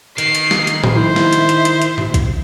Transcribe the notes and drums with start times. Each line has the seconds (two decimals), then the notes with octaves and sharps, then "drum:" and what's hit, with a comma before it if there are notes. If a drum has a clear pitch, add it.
0.18 D#3 C7, drum: hi-hat
0.35 drum: hi-hat
0.51 drum: snare
0.67 drum: hi-hat
0.84 drum: tom
0.96 E4 C5 E5
1.16 drum: snare
1.33 drum: hi-hat
1.49 drum: hi-hat
1.65 drum: hi-hat
1.82 drum: hi-hat
1.98 drum: tom G2
2.14 drum: kick, hi-hat